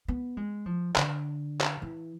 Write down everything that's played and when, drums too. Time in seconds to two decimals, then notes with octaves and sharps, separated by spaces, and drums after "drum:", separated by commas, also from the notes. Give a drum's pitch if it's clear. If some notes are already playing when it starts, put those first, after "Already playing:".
0.08 B3
0.37 G#3
0.66 F3
0.96 D3, drum: clap
1.61 drum: clap
1.82 E3